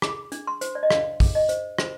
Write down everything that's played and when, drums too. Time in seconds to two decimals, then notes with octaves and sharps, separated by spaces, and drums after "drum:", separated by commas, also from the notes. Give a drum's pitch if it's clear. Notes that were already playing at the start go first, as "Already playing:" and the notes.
0.02 G#4 D6, drum: rim click
0.32 D4, drum: hi-hat
0.47 C6
0.61 C5, drum: hi-hat
0.75 D5
0.83 D#5
0.91 D4 F5, drum: rim click
1.20 G#4, drum: kick, open hi-hat
1.35 D#5
1.49 C5, drum: hi-hat
1.78 C5, drum: rim click